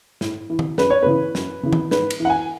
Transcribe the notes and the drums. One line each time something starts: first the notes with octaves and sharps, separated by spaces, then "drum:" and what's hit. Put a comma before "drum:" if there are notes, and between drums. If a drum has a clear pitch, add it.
A2, drum: snare
E3
drum: tom D#3
F#2 B4, drum: snare
C#5
C#3 E3 B4
F#2, drum: snare
C#3 E3
drum: tom D#3
G#2 B4, drum: snare
drum: cymbal
E3
F#5
G#5